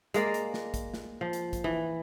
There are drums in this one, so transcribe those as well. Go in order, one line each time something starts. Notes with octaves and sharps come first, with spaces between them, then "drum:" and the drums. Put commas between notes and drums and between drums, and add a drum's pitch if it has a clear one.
G#3 A#3 D5, drum: hi-hat
drum: hi-hat
drum: snare
drum: kick, hi-hat
drum: snare
F3
drum: hi-hat
drum: kick, hi-hat
E3